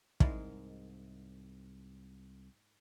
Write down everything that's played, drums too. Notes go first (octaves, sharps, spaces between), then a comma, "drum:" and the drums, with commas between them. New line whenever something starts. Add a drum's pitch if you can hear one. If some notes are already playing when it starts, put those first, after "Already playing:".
C2 G#2 G#3 E4 A#4 D5 B5, drum: kick